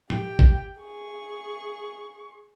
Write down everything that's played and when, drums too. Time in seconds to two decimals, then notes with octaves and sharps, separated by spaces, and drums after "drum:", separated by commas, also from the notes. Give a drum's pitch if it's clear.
0.10 G4 G5, drum: tom A2
0.39 drum: kick
0.79 G#4 C#6